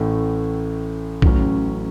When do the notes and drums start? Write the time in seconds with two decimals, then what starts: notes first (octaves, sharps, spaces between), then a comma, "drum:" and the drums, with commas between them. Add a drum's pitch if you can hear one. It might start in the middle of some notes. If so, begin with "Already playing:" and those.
Already playing: A1 A2 A3
1.22 A1 A2 F#3 C#4, drum: kick B1